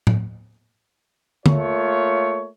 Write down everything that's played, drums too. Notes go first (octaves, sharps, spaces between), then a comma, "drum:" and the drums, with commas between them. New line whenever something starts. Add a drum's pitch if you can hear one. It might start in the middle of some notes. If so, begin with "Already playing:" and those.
drum: tom A2
A3 A#3 F4 C#5, drum: tom D3